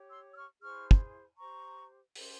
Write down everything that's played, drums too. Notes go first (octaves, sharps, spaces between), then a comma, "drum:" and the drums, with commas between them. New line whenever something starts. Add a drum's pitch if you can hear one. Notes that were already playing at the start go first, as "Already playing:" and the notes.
Already playing: G4 C#5
C6 E6
E6
C#6 F6
E4 G#4 C5 C#6 F6
drum: kick
G4 C5 A#5 C#6
C#4 G4 C5, drum: open hi-hat